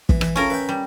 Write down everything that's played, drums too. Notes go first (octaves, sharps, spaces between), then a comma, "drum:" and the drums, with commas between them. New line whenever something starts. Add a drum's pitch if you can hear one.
E3, drum: kick
E3, drum: rim click
C#4 E4 F4 A4 A#4
B4 E5 G5
G3